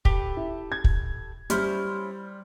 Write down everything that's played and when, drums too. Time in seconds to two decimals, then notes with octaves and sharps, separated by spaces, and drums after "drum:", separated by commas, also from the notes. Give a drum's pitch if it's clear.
0.05 G4 A4 B4, drum: kick
0.37 E4
0.72 G#6
0.84 drum: kick
1.50 G3 C#4 E4 C5 F6, drum: hi-hat